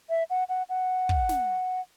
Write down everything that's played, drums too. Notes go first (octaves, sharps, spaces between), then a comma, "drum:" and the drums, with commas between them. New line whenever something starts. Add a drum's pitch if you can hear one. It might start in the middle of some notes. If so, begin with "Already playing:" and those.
E5
F#5
F#5
F#5
drum: kick
drum: snare